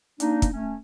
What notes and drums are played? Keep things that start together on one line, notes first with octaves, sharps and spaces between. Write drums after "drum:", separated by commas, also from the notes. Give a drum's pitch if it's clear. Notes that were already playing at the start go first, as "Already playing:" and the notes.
A#3 D4 D#4, drum: hi-hat
drum: kick, hi-hat
A3 C#4